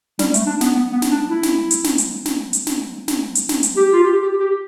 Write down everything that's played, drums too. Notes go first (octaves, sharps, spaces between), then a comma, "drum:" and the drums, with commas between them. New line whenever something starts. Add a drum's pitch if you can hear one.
G3, drum: snare
A3, drum: hi-hat
D4
B3, drum: snare
B3
B3
drum: snare
D4
E4
drum: snare
drum: hi-hat
drum: snare
drum: hi-hat
drum: snare
drum: hi-hat
drum: snare
drum: snare
drum: hi-hat
drum: snare
drum: hi-hat
G4
F4
G4
G4
G4